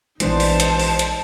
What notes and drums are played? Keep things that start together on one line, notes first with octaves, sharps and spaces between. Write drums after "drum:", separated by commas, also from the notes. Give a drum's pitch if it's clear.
A#1 E3 G#3 B3 D4 D#4 C5 A5, drum: hi-hat
drum: open hi-hat
drum: hi-hat
drum: open hi-hat
drum: hi-hat